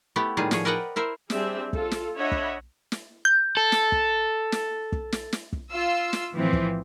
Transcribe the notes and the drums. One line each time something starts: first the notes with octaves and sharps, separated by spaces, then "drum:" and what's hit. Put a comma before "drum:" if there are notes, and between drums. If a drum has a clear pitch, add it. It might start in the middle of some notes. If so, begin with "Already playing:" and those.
A3 B3 E4 G4
A2 D#3 G3 D#4 F4 G#4
A2 F3 G#4 C#5, drum: snare
A#4 B4 D5 D#5 F#5 G5
E4 A#4 C5 E5
G3 C4 D4 G#4 E5, drum: snare
F4 A4, drum: kick
drum: snare
D4 C#5 D#5 E5 F#5 B5
drum: kick
drum: snare
G6
A4
drum: snare
drum: kick
drum: snare
drum: kick
drum: snare
drum: snare
drum: kick
F4 E6
drum: snare
A2 E3 F3 C4
drum: kick